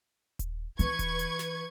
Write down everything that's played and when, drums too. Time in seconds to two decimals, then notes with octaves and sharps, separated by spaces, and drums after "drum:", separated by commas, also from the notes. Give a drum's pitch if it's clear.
0.39 drum: kick D#1, hi-hat
0.79 E3 B4 C#6 G#6, drum: hi-hat
0.99 drum: kick D#1, hi-hat
1.19 drum: hi-hat
1.39 drum: snare